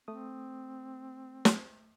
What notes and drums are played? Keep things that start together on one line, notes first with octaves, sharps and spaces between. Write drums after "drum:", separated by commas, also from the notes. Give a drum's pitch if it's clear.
A3 C4 D#6
drum: snare